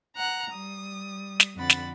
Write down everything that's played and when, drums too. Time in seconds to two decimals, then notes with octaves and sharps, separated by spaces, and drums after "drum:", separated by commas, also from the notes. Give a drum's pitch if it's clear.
0.16 F#5 A#5 F#6
0.52 G3 D#6
1.40 drum: snare
1.56 F2 D3 C4 F#5 B5 A6
1.70 drum: snare